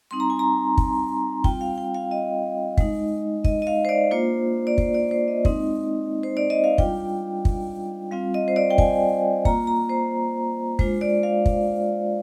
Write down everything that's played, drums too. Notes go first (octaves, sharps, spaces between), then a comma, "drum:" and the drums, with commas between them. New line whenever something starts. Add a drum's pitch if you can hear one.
G3 C4 D#4 C6
A#5
G#5
A#5
drum: kick
G3 C4 F4 G5, drum: kick
F5
G5
F5
D#5
G#3 D#4, drum: kick
D#5, drum: kick
D#5
F5
C5
D5
A#3 D4 F4 C5
D5
C5, drum: kick
D5
C5
D#5
G#3 C4 D#4, drum: kick
C5
D5
D#5
F5
G3 D4 F4 G5, drum: kick
drum: kick
G3 C4 F4 F5
D#5
C5
D5
G5
G#5, drum: kick
A#3 F4 A#5, drum: kick
A#5
C5
G#3 D4 F4 C5, drum: kick
D5
F5
drum: kick